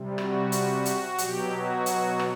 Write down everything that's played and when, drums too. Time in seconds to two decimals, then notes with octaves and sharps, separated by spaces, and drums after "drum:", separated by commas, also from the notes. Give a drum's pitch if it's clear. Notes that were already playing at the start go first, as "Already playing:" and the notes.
Already playing: C3 G3
0.18 F#4, drum: rim click
0.52 drum: hi-hat
0.85 drum: hi-hat
1.18 B2 F#3 G4, drum: hi-hat
1.53 F#4
1.86 drum: hi-hat
2.19 drum: rim click